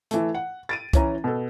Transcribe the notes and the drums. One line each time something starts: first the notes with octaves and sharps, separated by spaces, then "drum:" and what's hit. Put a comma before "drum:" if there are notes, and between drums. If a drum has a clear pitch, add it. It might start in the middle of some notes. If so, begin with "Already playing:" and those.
E3 A3, drum: hi-hat
F#5
A6 D7 D#7
E3 C#4 A#5, drum: kick, hi-hat
B2 A4